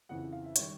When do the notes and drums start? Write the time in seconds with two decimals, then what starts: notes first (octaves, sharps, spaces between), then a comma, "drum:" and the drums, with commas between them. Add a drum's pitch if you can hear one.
0.09 F2 C#3 E3 F#5
0.32 F5
0.44 E5
0.56 D#3 G3 C#5, drum: hi-hat